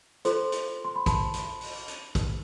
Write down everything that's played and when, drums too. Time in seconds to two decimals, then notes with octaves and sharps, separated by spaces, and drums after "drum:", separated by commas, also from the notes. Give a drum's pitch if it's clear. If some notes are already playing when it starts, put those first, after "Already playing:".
0.25 F4 A4 C5 C6, drum: hi-hat
0.52 drum: hi-hat
0.85 C6
0.96 B5
1.06 A5, drum: kick, hi-hat
1.34 drum: hi-hat
1.61 drum: open hi-hat
1.88 drum: hi-hat
2.15 drum: kick, hi-hat